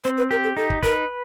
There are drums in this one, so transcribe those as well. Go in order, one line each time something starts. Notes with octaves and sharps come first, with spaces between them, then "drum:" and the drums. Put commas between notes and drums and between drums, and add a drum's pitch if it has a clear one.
C4 C5
B4
G4 A#4
A4
D#4 A4
drum: kick
A#4 B4, drum: kick